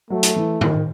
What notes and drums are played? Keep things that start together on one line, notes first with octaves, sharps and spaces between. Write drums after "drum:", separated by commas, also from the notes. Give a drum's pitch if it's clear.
F#3 A3
drum: hi-hat
E3
D#3, drum: tom G#2